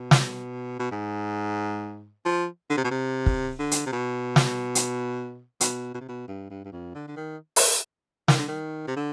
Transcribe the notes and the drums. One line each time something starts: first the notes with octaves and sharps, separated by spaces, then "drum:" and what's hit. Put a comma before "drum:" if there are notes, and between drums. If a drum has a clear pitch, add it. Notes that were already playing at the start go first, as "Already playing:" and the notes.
Already playing: B2
drum: snare
B2
G#2
F3
D3
C3
B2
C3
drum: kick
D3
drum: hi-hat
C3
B2
drum: snare
drum: hi-hat
B2, drum: hi-hat
B2
C3
B2
G2
G2
G2
F2
D3
D3
D#3
drum: open hi-hat
D#3, drum: snare
D3
D#3
C3
D3